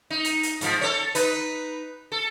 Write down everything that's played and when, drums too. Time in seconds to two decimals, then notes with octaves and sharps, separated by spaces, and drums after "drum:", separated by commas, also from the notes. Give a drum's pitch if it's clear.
0.10 D#4
0.24 drum: hi-hat
0.43 drum: hi-hat
0.61 G#2 F3, drum: hi-hat
0.81 A4 C#5
1.15 D#4 B4, drum: hi-hat
2.12 A4